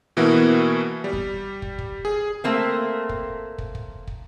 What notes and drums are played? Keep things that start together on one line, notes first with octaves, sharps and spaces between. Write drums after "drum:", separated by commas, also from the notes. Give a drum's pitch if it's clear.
B2 E3 A#3 B3 E4 F#4
G3
drum: kick
drum: kick
drum: kick
G#4
A3 A#3 C4
drum: kick
drum: kick
drum: kick
drum: kick